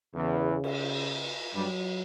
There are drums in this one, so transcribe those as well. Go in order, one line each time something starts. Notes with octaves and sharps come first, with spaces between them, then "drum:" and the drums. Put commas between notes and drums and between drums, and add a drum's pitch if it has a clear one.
E2 C#3 E3
drum: cymbal
G2 F#3 G3